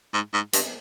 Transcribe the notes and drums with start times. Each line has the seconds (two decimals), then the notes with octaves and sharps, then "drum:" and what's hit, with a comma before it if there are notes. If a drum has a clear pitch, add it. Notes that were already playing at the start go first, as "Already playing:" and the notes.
0.14 G#2
0.33 G#2
0.53 G2, drum: hi-hat